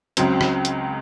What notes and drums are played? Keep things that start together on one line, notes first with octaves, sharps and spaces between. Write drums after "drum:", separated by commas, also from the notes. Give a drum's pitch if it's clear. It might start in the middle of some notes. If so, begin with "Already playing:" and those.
C#2 C#3 F#3 C4, drum: hi-hat
drum: rim click
drum: hi-hat